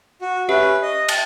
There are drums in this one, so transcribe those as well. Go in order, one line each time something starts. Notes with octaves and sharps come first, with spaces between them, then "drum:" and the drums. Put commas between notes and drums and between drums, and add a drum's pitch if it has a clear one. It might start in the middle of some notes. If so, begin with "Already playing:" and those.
F#4
C#4 G4 B4 E5
D#5
A5, drum: cymbal